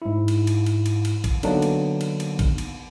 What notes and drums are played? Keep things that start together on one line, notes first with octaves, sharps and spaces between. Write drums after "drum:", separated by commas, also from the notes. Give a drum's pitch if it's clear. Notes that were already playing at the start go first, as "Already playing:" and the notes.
G#2 E4
drum: cymbal
drum: cymbal
drum: cymbal
drum: cymbal
drum: cymbal
drum: kick, cymbal
D3 F#3 A#3 B3 D4 D#4, drum: cymbal
drum: cymbal
drum: cymbal
drum: cymbal
drum: kick, cymbal
drum: cymbal